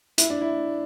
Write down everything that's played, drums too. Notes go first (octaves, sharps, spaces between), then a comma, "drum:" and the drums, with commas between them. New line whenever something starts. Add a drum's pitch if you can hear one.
E4, drum: hi-hat
D4
E4